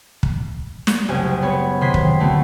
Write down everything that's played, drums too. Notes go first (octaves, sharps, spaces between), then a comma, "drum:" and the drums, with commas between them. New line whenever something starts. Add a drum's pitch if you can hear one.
drum: kick
drum: snare
F#1 C2 C#4 G4 G#5
B3 C#5
C3 D#3 C6 G#6 B6 C7
drum: kick
D3 A3 B3 C4 F#4